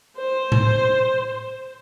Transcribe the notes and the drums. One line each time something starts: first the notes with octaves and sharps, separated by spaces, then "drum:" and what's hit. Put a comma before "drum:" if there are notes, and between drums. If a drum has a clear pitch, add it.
C5
drum: tom A2